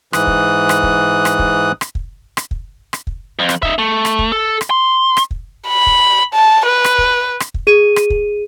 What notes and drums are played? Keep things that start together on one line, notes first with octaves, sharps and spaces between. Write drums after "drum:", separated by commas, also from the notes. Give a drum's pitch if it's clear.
G#2 E3 D#6 F#6, drum: rim click
drum: kick
drum: rim click
drum: kick
drum: rim click
drum: kick
drum: rim click
drum: kick
drum: rim click
drum: kick
drum: rim click
drum: kick
F2
drum: rim click
D#4 E5, drum: kick
A3
drum: rim click
drum: kick
A4
drum: rim click
C6
drum: rim click
drum: kick
B5
drum: kick
A5
B4
drum: rim click
drum: kick
drum: rim click
drum: kick
G#4 D#7
drum: rim click
drum: kick